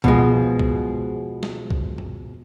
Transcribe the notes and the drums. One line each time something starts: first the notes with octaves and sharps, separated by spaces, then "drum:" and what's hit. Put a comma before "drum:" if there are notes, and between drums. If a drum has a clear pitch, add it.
B2 F3 G#3, drum: kick
drum: kick
drum: snare
drum: kick
drum: tom F#2